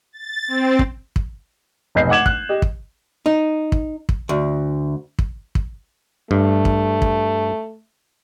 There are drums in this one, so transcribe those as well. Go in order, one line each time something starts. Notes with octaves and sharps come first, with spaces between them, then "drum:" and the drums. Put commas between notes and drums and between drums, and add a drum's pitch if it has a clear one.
A6
C4
drum: kick
drum: kick
F1 B1 D#5 G6 C7
F#5 D6 G#6 E7 F#7
F#6, drum: kick
G4 D#5
drum: kick
D#4
drum: kick
drum: kick
D2
drum: kick
drum: kick
G2 A3
drum: kick
drum: kick